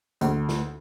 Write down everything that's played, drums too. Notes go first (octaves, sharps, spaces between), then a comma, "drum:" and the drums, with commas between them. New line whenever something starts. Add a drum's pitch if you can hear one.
D2, drum: hi-hat
drum: snare